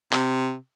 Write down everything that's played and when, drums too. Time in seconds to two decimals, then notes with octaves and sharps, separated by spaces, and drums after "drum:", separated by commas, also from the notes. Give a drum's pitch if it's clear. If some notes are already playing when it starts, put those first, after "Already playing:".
0.13 C3, drum: clap